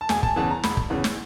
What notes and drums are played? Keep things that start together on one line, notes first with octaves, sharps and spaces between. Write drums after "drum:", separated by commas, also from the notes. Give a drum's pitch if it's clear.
A5
E1 G#5, drum: snare
A5, drum: kick
E2 C#3 E3 A5
A#5
E1 B5, drum: snare
drum: kick
E2 C#3 E3
drum: snare